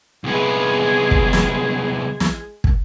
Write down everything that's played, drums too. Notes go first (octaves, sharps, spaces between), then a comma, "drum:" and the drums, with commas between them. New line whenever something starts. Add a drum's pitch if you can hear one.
C2 G#3 B3 G#4
drum: kick
drum: snare
drum: snare
drum: kick